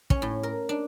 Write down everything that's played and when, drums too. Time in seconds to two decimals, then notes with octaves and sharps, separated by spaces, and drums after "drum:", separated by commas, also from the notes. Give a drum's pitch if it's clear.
0.10 C#4, drum: kick
0.22 A2
0.43 A#4
0.69 D4